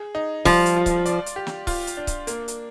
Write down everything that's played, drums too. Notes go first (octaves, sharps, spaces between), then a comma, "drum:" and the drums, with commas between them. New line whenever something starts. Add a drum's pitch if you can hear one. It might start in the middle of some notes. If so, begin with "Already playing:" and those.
Already playing: G#4
D#4
F3 G3, drum: kick C#1, open hi-hat
drum: hi-hat
F4
drum: kick C#1, hi-hat
D5, drum: hi-hat
drum: hi-hat
G4
drum: snare
F4, drum: kick C#1, open hi-hat
drum: hi-hat
D4
drum: kick C#1, hi-hat
A#3, drum: hi-hat
drum: hi-hat